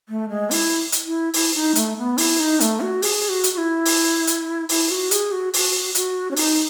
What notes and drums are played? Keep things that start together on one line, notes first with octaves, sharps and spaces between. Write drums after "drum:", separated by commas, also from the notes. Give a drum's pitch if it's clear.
A3
G#3
E4, drum: open hi-hat
drum: hi-hat
E4
E4, drum: open hi-hat
D#4
A3, drum: hi-hat
B3
E4, drum: open hi-hat
D#4
A3, drum: hi-hat
F#4
G#4, drum: open hi-hat
F#4
drum: hi-hat
F#4
E4
drum: open hi-hat
drum: hi-hat
E4, drum: open hi-hat
F#4
G#4, drum: hi-hat
F#4
F#4, drum: open hi-hat
F#4, drum: hi-hat
C#4
D#4, drum: open hi-hat